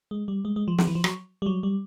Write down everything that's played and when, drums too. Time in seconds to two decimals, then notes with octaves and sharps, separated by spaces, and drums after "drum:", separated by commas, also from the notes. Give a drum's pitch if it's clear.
0.11 G#3
0.28 G3
0.45 G#3
0.56 G#3
0.68 F3
0.78 F3, drum: snare
0.87 E3
0.95 F3
1.04 F#3, drum: rim click
1.42 G3
1.46 F#3
1.63 G3